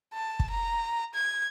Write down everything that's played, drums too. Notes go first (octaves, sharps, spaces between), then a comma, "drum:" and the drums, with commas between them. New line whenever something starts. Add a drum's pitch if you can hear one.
A5
drum: kick
A#5
G#6